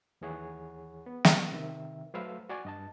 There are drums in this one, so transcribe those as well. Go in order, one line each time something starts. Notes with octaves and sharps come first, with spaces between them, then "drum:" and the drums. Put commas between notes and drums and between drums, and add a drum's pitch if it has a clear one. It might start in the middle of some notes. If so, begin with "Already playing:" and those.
D#2 E3 G#4 C#5 F#5
B3
drum: snare
C3 D#3 E5
F#3 A3 B4 C5 F5 E6
F#4 D5 G#5
G2 D#5 A5